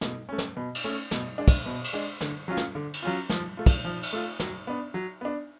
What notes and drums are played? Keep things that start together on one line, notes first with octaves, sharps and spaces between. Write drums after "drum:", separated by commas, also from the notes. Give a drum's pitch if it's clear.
B2, drum: snare
A3 C#4
drum: snare
B2
drum: cymbal
A3 C#4
B2, drum: snare
G#3 D4
drum: kick, cymbal
B2
drum: cymbal
G#3 D4
D3, drum: snare
F#3 C#4 F4
drum: snare
D3
drum: cymbal
F#3 C#4 F4
F3, drum: snare
A3 F4
drum: kick, cymbal
F3
drum: cymbal
A3 F4
F#3, drum: snare
B3 D4
F#3
B3 D4